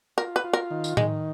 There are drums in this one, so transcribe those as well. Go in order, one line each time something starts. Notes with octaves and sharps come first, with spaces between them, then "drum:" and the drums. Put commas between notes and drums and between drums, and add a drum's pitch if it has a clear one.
F4 A#4
B4
F4
A#4
D#3
drum: tambourine
D#3 G#3, drum: tom A2